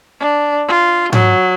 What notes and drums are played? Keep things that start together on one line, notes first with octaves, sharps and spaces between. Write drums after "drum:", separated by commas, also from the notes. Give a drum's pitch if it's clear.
D4
F4
F#3, drum: tom G#2